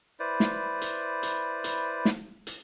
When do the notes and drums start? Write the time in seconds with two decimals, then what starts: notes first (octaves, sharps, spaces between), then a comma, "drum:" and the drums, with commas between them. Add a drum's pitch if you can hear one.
0.20 E4 B4 C5 D5
0.40 drum: snare
0.81 drum: hi-hat
1.23 drum: hi-hat
1.64 drum: hi-hat
2.05 drum: snare
2.47 drum: hi-hat